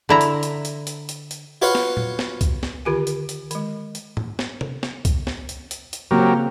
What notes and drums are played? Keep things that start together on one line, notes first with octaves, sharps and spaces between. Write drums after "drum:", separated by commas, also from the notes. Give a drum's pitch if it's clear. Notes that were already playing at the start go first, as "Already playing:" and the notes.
D3 E4 A#5
drum: hi-hat
drum: hi-hat
drum: hi-hat
drum: hi-hat
drum: hi-hat
drum: hi-hat
F4 F#4 B4 C#5 F5 F#5
drum: snare
drum: tom A#2
drum: snare
drum: kick C2, hi-hat
drum: snare
D3 D#3 F4 G4 A#4 G#5
drum: hi-hat
drum: hi-hat
D#3 G#3, drum: hi-hat
drum: hi-hat
drum: tom G#2
drum: snare
drum: tom C3
drum: snare
drum: kick C2, hi-hat
drum: snare
drum: hi-hat
drum: hi-hat
drum: hi-hat
C#3 F#3 A#3 C4 G4 A#4